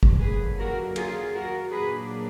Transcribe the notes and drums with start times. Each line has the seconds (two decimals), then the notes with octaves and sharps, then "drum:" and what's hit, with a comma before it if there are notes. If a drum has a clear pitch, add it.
0.03 drum: kick
0.20 D3 F#3 A#3 G#4 B4
0.58 F#4 A#4
0.96 F4 G#4, drum: cymbal
1.34 F#4 A#4
1.72 A#2 F#3 A#3 D4 G#4 B4